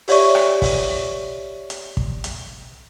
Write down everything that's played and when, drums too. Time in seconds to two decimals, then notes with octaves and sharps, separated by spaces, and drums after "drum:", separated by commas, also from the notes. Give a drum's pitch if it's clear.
0.08 G4 C#5 D5 E5 C#6, drum: open hi-hat
0.35 drum: rim click
0.62 drum: kick, open hi-hat
1.70 drum: hi-hat
1.97 drum: kick
2.24 drum: hi-hat